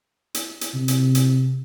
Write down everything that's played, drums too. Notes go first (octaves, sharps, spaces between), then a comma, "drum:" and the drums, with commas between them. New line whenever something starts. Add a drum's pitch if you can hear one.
drum: hi-hat
drum: hi-hat
C3
drum: hi-hat
drum: hi-hat